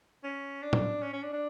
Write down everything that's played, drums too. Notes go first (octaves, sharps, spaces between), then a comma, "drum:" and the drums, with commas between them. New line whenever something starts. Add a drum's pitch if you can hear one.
C#4
D4
drum: tom A2
C#4
C#4
D4
D4